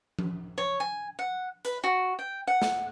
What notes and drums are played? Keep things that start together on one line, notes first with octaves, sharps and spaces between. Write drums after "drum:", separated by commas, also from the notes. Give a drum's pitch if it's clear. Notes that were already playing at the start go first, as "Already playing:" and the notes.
drum: tom F3
C#5
G#5
F#5
B4, drum: hi-hat
F#4
G5
F#5
drum: snare